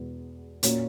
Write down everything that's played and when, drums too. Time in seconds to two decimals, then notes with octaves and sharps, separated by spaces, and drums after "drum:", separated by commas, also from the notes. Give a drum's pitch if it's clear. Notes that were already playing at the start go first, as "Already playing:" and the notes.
Already playing: E2 B2 G#3 B3
0.63 A#2 A#3 C#4 F#4, drum: hi-hat